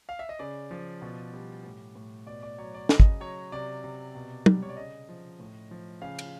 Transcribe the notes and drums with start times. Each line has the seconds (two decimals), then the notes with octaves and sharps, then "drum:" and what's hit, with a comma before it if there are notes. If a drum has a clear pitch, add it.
0.09 F5
0.19 E5
0.29 D#5
0.39 C#3 D5
0.71 F3
1.02 B2
1.33 G3
1.64 A2
1.95 A2
2.26 B2 D5
2.43 D5
2.58 F#3 C#5
2.74 D5
2.89 C#3 D#5, drum: snare
3.00 drum: kick
3.21 F#3 C#5
3.52 C3 D5
3.84 C3
4.15 B2
4.46 G3, drum: tom
4.63 C#5
4.70 D5
4.77 C#3 D#5
5.09 F3
5.40 A2
5.71 F3
6.02 C#3 F5
6.19 drum: cymbal